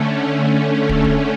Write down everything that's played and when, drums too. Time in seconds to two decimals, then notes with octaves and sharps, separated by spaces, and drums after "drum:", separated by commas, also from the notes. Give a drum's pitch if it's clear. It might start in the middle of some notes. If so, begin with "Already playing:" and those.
Already playing: D3 A3 C#4
0.89 drum: kick
1.04 drum: kick